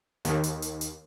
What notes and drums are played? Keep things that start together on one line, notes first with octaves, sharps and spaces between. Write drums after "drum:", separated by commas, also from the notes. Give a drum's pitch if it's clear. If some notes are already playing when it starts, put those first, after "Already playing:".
D#2, drum: hi-hat
drum: hi-hat
drum: hi-hat
drum: hi-hat